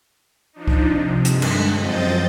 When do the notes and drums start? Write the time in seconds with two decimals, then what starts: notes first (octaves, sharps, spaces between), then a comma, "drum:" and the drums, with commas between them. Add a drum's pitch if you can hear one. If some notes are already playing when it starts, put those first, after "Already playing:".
0.53 F3 D4 D#4
0.68 drum: kick C#2
0.87 C3
1.25 G2 D3 G#3, drum: hi-hat
1.42 drum: cymbal
1.73 F#2 F3 C4 D#5 G6 A6